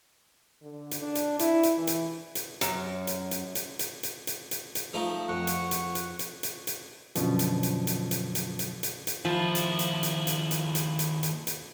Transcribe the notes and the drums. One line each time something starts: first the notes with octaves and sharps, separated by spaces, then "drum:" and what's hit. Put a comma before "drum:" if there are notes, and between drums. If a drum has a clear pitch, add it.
D3
drum: hi-hat
D4
drum: hi-hat
E4, drum: hi-hat
drum: hi-hat
E3
drum: hi-hat
drum: hi-hat
F#2, drum: hi-hat
drum: hi-hat
drum: hi-hat
drum: hi-hat
drum: hi-hat
drum: hi-hat
drum: hi-hat
drum: hi-hat
drum: hi-hat
F3 A3 D#4
F2 F#5 C#6
drum: hi-hat
drum: hi-hat
drum: hi-hat
drum: hi-hat
drum: hi-hat
drum: hi-hat
F#2 B2 D3 F3, drum: hi-hat
drum: hi-hat
drum: hi-hat
drum: hi-hat
drum: hi-hat
drum: hi-hat
drum: hi-hat
drum: hi-hat
drum: hi-hat
D#2 F3 E4
drum: hi-hat
drum: hi-hat
drum: hi-hat
drum: hi-hat
drum: hi-hat
drum: hi-hat
drum: hi-hat
drum: hi-hat
drum: hi-hat